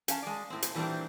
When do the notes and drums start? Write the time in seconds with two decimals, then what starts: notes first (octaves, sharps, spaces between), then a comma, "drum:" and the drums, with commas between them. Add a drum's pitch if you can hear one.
0.08 C#4 F5 A5, drum: hi-hat
0.22 G#3 D5
0.50 A2 C4
0.63 drum: hi-hat
0.75 A#2 E3 G3 B3 C4 D4